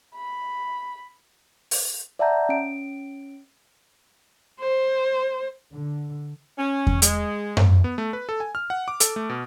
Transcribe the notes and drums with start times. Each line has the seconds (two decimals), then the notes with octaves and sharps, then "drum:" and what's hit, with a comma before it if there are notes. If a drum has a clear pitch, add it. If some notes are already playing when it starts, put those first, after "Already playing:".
0.16 B5
1.71 drum: open hi-hat
2.19 D5 E5 F#5 A5 A#5 G6
2.49 C#4 D7
4.60 C5
5.73 D3
6.58 C#4
6.87 drum: kick E2
7.02 G#3, drum: hi-hat
7.57 drum: tom F#2
7.84 B3
7.98 A3
8.13 B4
8.29 A4
8.40 G#5
8.55 F6
8.70 F#5
8.88 D6
9.00 A4, drum: hi-hat
9.16 A3
9.30 B2